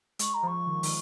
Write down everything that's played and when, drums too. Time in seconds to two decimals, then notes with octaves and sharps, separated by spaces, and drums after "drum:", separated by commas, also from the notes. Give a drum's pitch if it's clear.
0.19 G#3 C#6, drum: hi-hat
0.34 A#5
0.43 F3 C#6
0.67 D#3
0.83 D#3, drum: open hi-hat